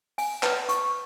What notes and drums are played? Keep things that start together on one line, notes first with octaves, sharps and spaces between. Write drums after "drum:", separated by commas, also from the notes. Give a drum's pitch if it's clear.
G#5, drum: open hi-hat
B4, drum: clap
C#6, drum: hi-hat